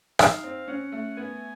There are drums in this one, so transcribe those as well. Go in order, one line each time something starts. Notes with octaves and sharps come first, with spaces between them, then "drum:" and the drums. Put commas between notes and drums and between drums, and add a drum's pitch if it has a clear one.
D#4 F5, drum: rim click
C4
C#4 F#5
A3
B3 G#5